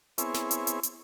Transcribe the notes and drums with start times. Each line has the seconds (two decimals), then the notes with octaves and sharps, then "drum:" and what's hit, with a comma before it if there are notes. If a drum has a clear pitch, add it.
0.18 B3 C4 E4 G#4 C#5, drum: hi-hat
0.34 drum: snare
0.51 drum: hi-hat
0.67 drum: hi-hat
0.83 drum: hi-hat